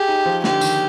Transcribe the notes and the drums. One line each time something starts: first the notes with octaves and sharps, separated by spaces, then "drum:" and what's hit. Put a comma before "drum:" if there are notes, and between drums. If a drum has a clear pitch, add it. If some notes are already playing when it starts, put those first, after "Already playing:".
Already playing: G4 G#4
D#4
F3
D3 G4, drum: snare
D#3, drum: tambourine